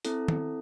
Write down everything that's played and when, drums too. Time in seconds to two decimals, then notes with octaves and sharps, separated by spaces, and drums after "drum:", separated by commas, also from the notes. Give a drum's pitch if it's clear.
0.05 C4 E4 A4, drum: hi-hat
0.28 drum: tom